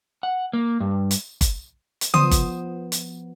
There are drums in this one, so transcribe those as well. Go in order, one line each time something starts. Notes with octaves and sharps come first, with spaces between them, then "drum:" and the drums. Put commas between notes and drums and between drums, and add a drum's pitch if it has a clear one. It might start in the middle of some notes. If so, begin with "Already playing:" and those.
F#5
A#3
G2
drum: hi-hat
drum: kick G1, hi-hat
drum: hi-hat
F3 B3 C5 D#6, drum: tom C#3
drum: kick G1, hi-hat
drum: hi-hat